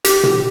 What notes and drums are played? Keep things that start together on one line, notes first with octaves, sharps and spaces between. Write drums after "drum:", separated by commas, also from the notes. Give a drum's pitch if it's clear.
G4, drum: hi-hat
drum: tom